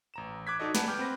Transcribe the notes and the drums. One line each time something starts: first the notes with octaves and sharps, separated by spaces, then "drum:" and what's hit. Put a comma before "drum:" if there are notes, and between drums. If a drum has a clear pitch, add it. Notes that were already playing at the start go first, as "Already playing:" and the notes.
A1 A#5 E7
D6 F#6 G#6 B6
D#4 F#4 A4 D5 D#5
B4 F#5 G#5 A5, drum: snare
G5 D6 F6 G6
C4 B4 A#6